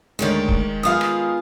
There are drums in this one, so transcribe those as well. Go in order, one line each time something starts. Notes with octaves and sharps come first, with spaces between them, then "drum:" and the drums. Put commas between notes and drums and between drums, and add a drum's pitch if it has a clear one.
D2 D#3 G#3 C#5 D5
drum: kick
B3 F4 G#4 F5 D#6
drum: rim click